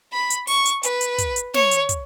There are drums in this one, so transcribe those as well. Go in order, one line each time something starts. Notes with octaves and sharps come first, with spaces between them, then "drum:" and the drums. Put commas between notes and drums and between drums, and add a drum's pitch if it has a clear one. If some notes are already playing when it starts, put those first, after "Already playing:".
B5
drum: hi-hat
C#6, drum: open hi-hat
drum: hi-hat
B4, drum: hi-hat
drum: hi-hat
drum: kick, hi-hat
drum: hi-hat
C#5, drum: snare
drum: hi-hat
drum: kick, hi-hat